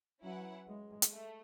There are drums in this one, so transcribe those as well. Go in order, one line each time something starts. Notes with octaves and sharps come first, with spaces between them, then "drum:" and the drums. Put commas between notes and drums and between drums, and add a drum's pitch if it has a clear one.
F#3 C#4 E4 B4 F#5
G#3
drum: hi-hat
A3